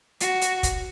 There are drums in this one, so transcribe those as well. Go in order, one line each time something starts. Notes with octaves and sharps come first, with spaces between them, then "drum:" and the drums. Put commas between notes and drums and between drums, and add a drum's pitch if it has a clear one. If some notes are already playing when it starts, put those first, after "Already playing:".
F#4, drum: hi-hat
drum: hi-hat
drum: kick, hi-hat